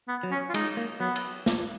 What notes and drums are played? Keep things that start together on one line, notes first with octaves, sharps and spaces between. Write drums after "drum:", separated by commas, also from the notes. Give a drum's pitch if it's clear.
B3
F#3
C#4
F4
G#3 D#4, drum: cymbal
A#3
F#3 B3
drum: cymbal
drum: snare